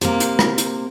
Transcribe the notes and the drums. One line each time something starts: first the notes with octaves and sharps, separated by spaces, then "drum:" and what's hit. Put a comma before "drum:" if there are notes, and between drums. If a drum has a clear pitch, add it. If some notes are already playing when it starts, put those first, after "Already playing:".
C3 A#3, drum: hi-hat
drum: hi-hat
drum: rim click
drum: hi-hat